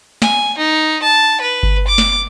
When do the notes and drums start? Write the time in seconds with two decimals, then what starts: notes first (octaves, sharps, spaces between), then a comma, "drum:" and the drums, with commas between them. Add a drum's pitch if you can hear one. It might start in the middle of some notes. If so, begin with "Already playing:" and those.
0.22 G#5, drum: snare
0.58 D#4
1.03 A5
1.41 B4
1.63 drum: kick G1
1.87 D6
1.98 drum: snare